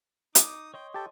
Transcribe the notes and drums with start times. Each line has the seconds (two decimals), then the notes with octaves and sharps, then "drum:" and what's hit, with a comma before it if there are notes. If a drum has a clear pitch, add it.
0.35 D#4 D6 D#6, drum: hi-hat
0.74 C#5 D#5 G5 C6
0.94 G4 A4 G5 A5